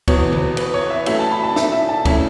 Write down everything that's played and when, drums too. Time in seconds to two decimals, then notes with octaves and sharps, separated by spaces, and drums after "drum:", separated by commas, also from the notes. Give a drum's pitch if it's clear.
0.08 E2 B2 B3 C#5, drum: kick, cymbal
0.32 B4, drum: tom D3
0.57 B4, drum: cymbal
0.74 C#5
0.90 E5
1.06 A2 F#3 A3 C#4 E4 E5, drum: cymbal
1.19 A5
1.31 B5
1.43 A5
1.56 E5, drum: snare
1.72 E5
1.89 A5
2.05 C#3 A3 C#4 E4 E5, drum: kick, cymbal